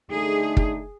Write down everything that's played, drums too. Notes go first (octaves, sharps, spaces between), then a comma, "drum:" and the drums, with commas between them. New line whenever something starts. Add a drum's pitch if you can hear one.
D3 A3 D#4 G#4
drum: kick